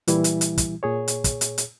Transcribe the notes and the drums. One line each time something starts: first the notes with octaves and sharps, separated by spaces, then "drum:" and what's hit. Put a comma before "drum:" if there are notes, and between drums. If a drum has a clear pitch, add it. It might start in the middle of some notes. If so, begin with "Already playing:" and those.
A#2 E3 G3 E4, drum: hi-hat
drum: hi-hat
drum: hi-hat
drum: kick, hi-hat
A#2 G#4 C#5
drum: hi-hat
drum: kick, hi-hat
drum: hi-hat
drum: hi-hat